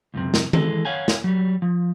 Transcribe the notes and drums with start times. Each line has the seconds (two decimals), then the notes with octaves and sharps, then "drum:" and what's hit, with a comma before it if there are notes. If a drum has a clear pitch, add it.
0.14 C#2 F#2 C3
0.34 drum: snare
0.53 E3 G#3 A4, drum: tom D#3
0.85 C#5 F5 F#5 G#5
1.08 drum: snare
1.24 F#3 G3
1.62 F3